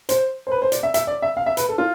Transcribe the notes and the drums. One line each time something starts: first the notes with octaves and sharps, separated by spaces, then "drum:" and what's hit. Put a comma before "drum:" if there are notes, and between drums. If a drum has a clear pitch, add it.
C5, drum: hi-hat
C5
B4
C5
D5, drum: hi-hat
E5
E5, drum: hi-hat
D5
E5
F5
E5
B4, drum: hi-hat
A4
F4